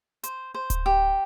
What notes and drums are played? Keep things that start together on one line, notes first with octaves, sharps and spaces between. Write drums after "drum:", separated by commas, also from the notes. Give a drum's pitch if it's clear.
C5, drum: hi-hat
C5
drum: kick D1, hi-hat
G4